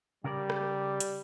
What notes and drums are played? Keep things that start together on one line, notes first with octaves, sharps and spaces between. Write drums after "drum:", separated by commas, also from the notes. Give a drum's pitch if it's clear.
C#3 G3 A#4 D5
drum: rim click
drum: hi-hat